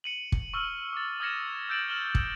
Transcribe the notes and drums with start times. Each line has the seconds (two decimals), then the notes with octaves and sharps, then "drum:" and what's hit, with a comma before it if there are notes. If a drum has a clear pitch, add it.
0.04 C#7 D#7 F#7
0.32 drum: kick
0.54 C#6 E6 F6
0.93 D6 A6
1.20 D#6 F6 G#6 A#6 C#7 E7
1.69 E6 G6 A6 D7 E7 F#7
1.88 F6 E7 F#7 G7
2.15 drum: kick